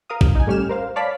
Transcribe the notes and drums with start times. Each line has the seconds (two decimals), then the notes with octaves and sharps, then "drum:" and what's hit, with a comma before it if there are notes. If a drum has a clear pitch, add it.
0.10 A#4 F5 D#6
0.21 G2, drum: kick A1
0.35 D#4 G#5
0.47 A2 G3 C#4 G4 F6 E7
0.69 A#4 C5 F5
0.96 C#5 D5 F5 A5 B5 B6